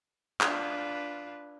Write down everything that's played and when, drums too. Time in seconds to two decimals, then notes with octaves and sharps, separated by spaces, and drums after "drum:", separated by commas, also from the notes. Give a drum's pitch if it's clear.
0.41 D4 F4 B4, drum: clap